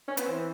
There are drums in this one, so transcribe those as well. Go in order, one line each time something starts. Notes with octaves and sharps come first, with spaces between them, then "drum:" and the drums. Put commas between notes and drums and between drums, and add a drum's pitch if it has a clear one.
C#4
B3, drum: hi-hat
E3 C4
C4